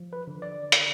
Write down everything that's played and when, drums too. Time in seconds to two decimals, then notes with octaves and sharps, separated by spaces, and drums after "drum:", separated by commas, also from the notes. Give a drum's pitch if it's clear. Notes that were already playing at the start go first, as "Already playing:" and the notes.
Already playing: F3
0.13 B4
0.27 D3
0.42 D5
0.72 drum: hi-hat